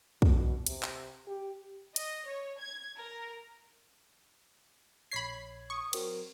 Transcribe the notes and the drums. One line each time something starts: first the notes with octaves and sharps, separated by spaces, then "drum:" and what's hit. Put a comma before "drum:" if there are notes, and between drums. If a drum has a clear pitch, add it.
B2, drum: kick
C3, drum: hi-hat
drum: clap
G4
D#5, drum: hi-hat
C#5
G#6
A#4
A#1 C#5 B5 G#6 B6 C7
C#6 D#6
F#3 C4 A#4, drum: cymbal